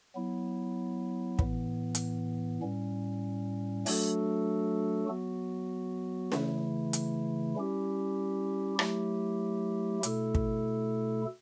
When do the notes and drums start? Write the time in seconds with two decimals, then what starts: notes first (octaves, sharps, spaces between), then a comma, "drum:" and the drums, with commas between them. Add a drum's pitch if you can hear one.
0.15 F#3 B3 E4
1.39 A2 E3 B3, drum: kick
1.95 drum: hi-hat
2.62 A2 G3 C#4
3.86 F#3 A3 D4 F#4 A4, drum: open hi-hat
5.08 F#3 B3 F#4
6.32 C#3 E3 A3 E4, drum: snare C#4
6.93 drum: hi-hat
7.56 G3 C#4 E4 G4
8.79 F#3 A3 E4 G4, drum: rim click
10.03 B2 A3 E4 A4, drum: hi-hat
10.35 drum: kick